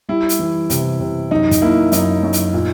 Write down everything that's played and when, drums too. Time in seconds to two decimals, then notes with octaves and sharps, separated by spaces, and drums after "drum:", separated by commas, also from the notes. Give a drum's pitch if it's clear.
0.09 G3 E4
0.29 drum: hi-hat
0.39 E3
0.70 C3, drum: hi-hat
1.00 C3
1.31 F#2 D#4
1.51 drum: kick, hi-hat
1.62 A#3 E4
1.92 F#2 D#4, drum: hi-hat
2.23 F#2
2.33 drum: hi-hat
2.54 A#2